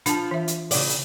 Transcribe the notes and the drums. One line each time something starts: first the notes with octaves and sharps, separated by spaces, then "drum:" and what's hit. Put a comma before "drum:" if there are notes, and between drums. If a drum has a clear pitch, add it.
F3 D4 A5, drum: hi-hat
E3 E5
drum: hi-hat
C#3 D5, drum: open hi-hat
drum: hi-hat